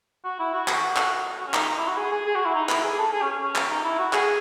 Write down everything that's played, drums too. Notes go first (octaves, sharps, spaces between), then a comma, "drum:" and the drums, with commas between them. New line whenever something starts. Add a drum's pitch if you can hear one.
F#4
E4
F#4
F#4, drum: clap
drum: clap
F#4
C#4
D#4, drum: clap
D#4
E4
F#4
G#4
G#4
G#4
F#4
E4
D#4
E4, drum: clap
G#4
A4
G#4
C#4
C#4
drum: clap
D#4
E4
F#4
G#4, drum: clap